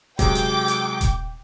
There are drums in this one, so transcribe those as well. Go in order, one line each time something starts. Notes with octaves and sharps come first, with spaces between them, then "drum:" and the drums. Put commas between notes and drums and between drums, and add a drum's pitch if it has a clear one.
C3 F#3 G#3 G5 D6, drum: kick D#1, hi-hat
drum: hi-hat
drum: hi-hat
drum: kick D#1, hi-hat